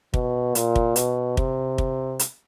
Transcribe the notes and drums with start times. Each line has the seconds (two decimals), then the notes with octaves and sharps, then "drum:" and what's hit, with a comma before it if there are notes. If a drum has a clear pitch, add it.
0.14 B2, drum: kick
0.55 A#2, drum: hi-hat
0.76 drum: kick
0.96 B2, drum: hi-hat
1.37 C3, drum: kick
1.78 drum: kick
2.19 drum: hi-hat